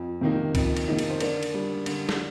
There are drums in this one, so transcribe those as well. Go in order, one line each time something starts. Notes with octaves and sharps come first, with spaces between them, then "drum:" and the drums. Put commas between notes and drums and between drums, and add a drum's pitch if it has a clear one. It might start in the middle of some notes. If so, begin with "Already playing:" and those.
Already playing: F2
C3 D#3 A#3 D#4
F2, drum: kick C#2, cymbal
drum: cymbal
C3 D#3 A#3 D#4
drum: cymbal
C5
D3 A#4 D5, drum: cymbal
drum: cymbal
G3 D4
D3, drum: cymbal
drum: snare